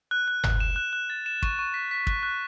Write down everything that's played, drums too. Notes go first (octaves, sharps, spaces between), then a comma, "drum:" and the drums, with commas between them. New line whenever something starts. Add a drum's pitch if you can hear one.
F#6
F#6
F#6, drum: tom G1
E7
F#6
F#6
A6
E7
C#6, drum: kick
C#6
B6
B6
F#6, drum: kick
F#6